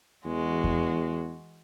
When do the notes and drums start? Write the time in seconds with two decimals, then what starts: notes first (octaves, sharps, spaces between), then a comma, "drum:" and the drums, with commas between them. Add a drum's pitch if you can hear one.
0.25 E2 E3 G#3 F#4
0.64 drum: kick E2